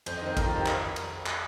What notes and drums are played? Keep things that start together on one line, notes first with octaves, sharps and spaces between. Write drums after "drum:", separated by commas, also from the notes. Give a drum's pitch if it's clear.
F2 C5, drum: cymbal
D#5
D#3 C4 C5
F2 A#4, drum: kick, cymbal
F4
D#3 C4 G4
A#4, drum: clap
drum: cymbal
drum: clap